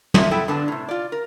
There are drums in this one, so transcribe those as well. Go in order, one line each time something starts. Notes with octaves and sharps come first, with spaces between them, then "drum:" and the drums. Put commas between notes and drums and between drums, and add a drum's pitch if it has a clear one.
A#3 F4 G#4 E5, drum: tom
B3 E4 A4 G5
G2 D3 B3 D4 A5
A2 C3
F4 D5
A#4